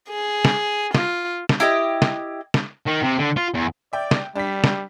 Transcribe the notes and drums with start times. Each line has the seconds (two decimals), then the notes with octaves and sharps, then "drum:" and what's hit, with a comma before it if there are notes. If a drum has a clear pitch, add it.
0.10 G#4
0.45 drum: snare
0.95 F4, drum: snare
1.49 drum: snare
1.60 E4 G4 D#5
2.02 drum: snare
2.54 drum: snare
2.87 D#3
3.03 C3
3.20 D3
3.37 F4
3.54 E2
3.93 D5 E5 G5
4.11 drum: snare
4.36 G3 D4 B6
4.64 drum: snare